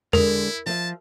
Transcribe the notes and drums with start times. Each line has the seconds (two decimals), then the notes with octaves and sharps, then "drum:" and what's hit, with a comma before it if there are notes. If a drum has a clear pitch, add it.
0.13 D3 G#3 E4 A#4, drum: tom E2
0.66 F3 E5 A5